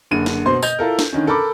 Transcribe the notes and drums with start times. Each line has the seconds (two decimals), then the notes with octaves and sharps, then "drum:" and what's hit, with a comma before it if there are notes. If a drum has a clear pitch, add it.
0.11 F#1 D3 D#7
0.26 drum: snare
0.46 B2 C5 C6
0.62 D#5 G6 F7, drum: tambourine
0.79 E4 F4 A4 A#4
0.99 drum: snare
1.13 D3 D#3 C#4
1.27 A4 A#4 B5 D6